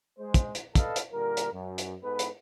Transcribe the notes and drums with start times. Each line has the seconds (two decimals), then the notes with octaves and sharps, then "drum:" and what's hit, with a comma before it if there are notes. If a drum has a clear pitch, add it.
0.19 G#3 C5
0.34 drum: kick, hi-hat
0.55 drum: hi-hat
0.75 A4 B4 D5 D#5 F5 A5, drum: kick, hi-hat
0.96 drum: hi-hat
1.13 A#2 D3 G3 A#4
1.37 drum: hi-hat
1.53 F#2
1.78 drum: hi-hat
2.02 G#2 B3 A4 B4
2.19 drum: hi-hat